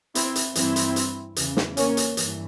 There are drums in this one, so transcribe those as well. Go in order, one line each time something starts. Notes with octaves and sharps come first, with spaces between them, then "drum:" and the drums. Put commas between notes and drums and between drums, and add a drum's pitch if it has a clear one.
C4 E4, drum: hi-hat
drum: hi-hat
G2 E3 C4 E4, drum: hi-hat
drum: hi-hat
drum: hi-hat
E2 C#3 E3, drum: hi-hat
drum: snare
A#3 C#4, drum: hi-hat
drum: hi-hat
G2 E3, drum: hi-hat